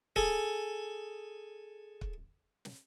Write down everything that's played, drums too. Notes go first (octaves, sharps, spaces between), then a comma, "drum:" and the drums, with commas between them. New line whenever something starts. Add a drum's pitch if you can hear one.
G#4 A4 G#5, drum: kick
drum: kick
drum: snare